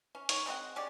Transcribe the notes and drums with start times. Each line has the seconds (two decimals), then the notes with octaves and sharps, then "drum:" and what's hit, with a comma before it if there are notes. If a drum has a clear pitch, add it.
0.15 C#4
0.29 D#3 C#5, drum: hi-hat
0.46 G#3 C4 D#5 F#5
0.76 G#3 C#4 G4 D5